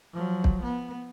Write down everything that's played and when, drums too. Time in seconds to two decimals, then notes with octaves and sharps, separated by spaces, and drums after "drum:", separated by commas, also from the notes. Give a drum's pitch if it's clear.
0.14 F3 F#3
0.44 drum: kick
0.64 B3